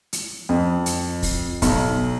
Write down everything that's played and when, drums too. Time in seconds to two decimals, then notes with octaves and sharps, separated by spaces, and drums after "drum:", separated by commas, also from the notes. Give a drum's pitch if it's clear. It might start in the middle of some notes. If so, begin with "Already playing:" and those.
0.13 drum: hi-hat
0.49 F2
0.86 drum: hi-hat
1.22 drum: kick, open hi-hat
1.62 B1, drum: kick, hi-hat